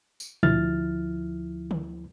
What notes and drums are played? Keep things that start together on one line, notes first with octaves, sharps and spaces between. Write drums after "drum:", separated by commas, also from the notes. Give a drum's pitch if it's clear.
drum: tambourine
D2 F3 E4 F6 A6, drum: tom A#2
drum: tom D3